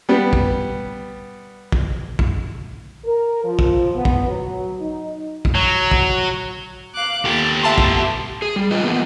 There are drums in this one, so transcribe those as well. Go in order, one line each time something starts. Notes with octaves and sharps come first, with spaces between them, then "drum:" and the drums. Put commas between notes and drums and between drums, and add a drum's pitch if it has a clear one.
G3 B3
drum: kick
drum: kick
drum: kick
A#4
F3
drum: kick
B3
drum: kick
F#3
D#4
drum: kick
F#3
drum: kick
F5 D6 F#6
D#2 G4 A4 A6
A3 B3 E5 A5 C6
drum: kick
G#4
G3
D4 F4 B4 D#5
E3 F3 A#3 B3